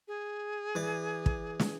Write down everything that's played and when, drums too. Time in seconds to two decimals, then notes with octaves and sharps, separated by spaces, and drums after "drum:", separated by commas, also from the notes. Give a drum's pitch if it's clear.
0.08 G#4
0.75 E3 D5 D6
1.26 drum: kick
1.60 drum: snare